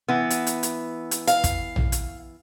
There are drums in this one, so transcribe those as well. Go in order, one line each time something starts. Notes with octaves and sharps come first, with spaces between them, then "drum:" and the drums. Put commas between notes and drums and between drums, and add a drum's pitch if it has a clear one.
E3 B3
drum: hi-hat
drum: hi-hat
drum: hi-hat
drum: hi-hat
F5, drum: hi-hat
drum: kick, hi-hat
drum: tom A#1
drum: hi-hat